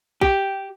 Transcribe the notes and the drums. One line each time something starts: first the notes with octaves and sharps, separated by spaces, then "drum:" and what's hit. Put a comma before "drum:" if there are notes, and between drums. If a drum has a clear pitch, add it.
G4, drum: kick